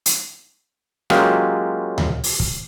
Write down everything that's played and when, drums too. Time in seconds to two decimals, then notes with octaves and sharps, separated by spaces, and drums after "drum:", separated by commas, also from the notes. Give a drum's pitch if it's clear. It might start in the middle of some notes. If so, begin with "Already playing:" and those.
0.06 drum: hi-hat
1.10 F#3 G#3 A#3 C#4 F4 G4, drum: rim click
1.98 drum: tom D2
2.24 drum: open hi-hat
2.40 drum: kick